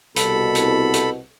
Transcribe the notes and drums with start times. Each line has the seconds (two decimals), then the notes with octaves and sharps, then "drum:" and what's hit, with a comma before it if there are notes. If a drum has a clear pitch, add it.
0.16 C2 B2 A4 B5, drum: hi-hat
0.55 drum: hi-hat
0.94 drum: hi-hat